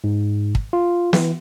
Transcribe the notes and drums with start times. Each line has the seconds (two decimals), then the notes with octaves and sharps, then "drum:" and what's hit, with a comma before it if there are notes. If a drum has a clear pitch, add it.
0.04 G#2
0.55 drum: kick
0.73 F4
1.13 E3, drum: snare